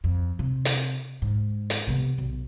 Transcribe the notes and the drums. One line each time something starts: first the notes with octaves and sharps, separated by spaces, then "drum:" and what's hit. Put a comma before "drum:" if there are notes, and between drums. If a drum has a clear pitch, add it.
F2
C3
drum: hi-hat
G#2
drum: hi-hat
C3 B3
B1